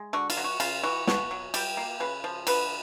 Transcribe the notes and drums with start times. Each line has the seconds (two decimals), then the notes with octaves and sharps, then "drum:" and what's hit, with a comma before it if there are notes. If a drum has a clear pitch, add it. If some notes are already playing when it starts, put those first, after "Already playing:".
Already playing: G#3
0.13 D3 F#4
0.30 F4, drum: cymbal
0.37 F#3
0.44 F#4
0.60 C#3 F4, drum: cymbal
0.84 E3 F#4
1.07 B2 F#4, drum: snare
1.31 F#3
1.54 G3 G4, drum: cymbal
1.77 A#3
2.00 C#3 B4
2.24 F3
2.47 D3 B4, drum: cymbal